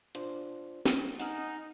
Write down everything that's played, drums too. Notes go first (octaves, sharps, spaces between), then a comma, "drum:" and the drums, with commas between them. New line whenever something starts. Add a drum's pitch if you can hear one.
D4 F4 C5, drum: hi-hat
drum: snare
D#4 F#5 G#5 F6, drum: open hi-hat